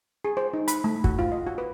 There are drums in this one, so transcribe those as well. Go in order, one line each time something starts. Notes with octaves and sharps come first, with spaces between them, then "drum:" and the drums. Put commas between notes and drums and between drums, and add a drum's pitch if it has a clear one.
G#4
C5
D#4
B5, drum: hi-hat
A3
F#4, drum: kick
F4
D#5
F#4
B4